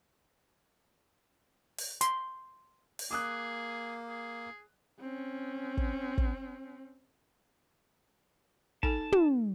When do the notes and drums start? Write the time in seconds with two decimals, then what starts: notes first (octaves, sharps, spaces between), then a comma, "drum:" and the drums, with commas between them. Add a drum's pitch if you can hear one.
1.78 drum: open hi-hat
2.01 C6, drum: hi-hat
2.99 drum: open hi-hat
3.11 A#3 G#4 D6 D#6 F#6
4.08 G#4
5.00 C4 C#4
5.77 drum: kick
6.18 drum: kick
8.83 D#4 A4 G#5 A5, drum: kick
9.12 drum: tom